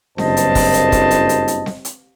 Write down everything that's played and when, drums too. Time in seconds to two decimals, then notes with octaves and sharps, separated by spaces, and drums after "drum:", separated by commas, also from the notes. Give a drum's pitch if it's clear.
0.18 F#1 G2 C4 C5 D#5 A5, drum: snare C4
0.37 drum: hi-hat
0.55 drum: kick, open hi-hat
0.74 drum: hi-hat
0.92 drum: kick, hi-hat
1.11 drum: hi-hat
1.29 drum: hi-hat
1.48 drum: hi-hat
1.66 drum: snare C4
1.85 drum: hi-hat